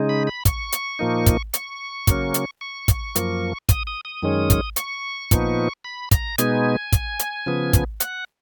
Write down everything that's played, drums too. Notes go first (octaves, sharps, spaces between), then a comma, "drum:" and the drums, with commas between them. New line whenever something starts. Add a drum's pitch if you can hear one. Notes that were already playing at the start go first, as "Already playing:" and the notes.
Already playing: C#3 G#3 D#4
B5
B5
C#6, drum: kick, hi-hat
drum: hi-hat
A#2 F3 A#3 D#4
drum: kick, hi-hat
C#6, drum: hi-hat
C#3 F#3 A#3 C#4, drum: kick, hi-hat
drum: hi-hat
C#6
drum: kick, hi-hat
F#2 F3 A#3, drum: hi-hat
D#6, drum: kick, hi-hat
D#6
D#6
F#2 D#3 G#3 C#4
drum: kick, hi-hat
C#6, drum: hi-hat
A#2 F3 B3 D#4, drum: kick, hi-hat
B5
A#5, drum: kick, hi-hat
B2 G#3 B3 D#4 G#5, drum: hi-hat
drum: kick, hi-hat
drum: hi-hat
C#3 F3 B3
drum: kick, hi-hat
F#5, drum: hi-hat